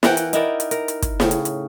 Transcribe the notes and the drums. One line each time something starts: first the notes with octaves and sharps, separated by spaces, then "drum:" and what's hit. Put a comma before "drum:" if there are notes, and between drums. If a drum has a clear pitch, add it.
E3 A#4 F#5 G5, drum: snare
drum: hi-hat
D#4 E4 A#4 D5, drum: hi-hat
drum: hi-hat
A#4, drum: hi-hat
drum: hi-hat
drum: kick, hi-hat
A2 C#3, drum: snare
drum: hi-hat
drum: hi-hat